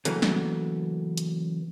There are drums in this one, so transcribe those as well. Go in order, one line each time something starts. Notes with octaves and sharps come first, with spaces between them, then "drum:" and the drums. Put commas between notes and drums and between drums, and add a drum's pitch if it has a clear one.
C#3 E3 F#3 A3 A#3, drum: hi-hat
drum: snare
drum: hi-hat